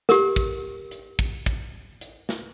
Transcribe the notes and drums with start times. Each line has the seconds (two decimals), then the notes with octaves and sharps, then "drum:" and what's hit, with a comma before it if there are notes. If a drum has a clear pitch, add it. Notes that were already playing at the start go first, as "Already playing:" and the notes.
0.09 G4 A#4, drum: snare
0.36 drum: kick, hi-hat
0.91 drum: hi-hat
1.19 drum: kick
1.46 drum: kick, hi-hat
2.01 drum: hi-hat
2.29 drum: snare